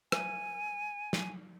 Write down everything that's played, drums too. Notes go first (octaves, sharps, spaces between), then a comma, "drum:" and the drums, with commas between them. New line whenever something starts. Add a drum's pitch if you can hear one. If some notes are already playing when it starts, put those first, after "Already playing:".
G#5, drum: rim click
drum: snare